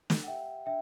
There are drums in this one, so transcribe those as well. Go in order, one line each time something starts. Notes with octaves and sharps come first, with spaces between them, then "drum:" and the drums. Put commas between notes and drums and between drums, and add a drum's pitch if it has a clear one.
drum: snare
F#5
G4 E5 G5
D4 E5 G5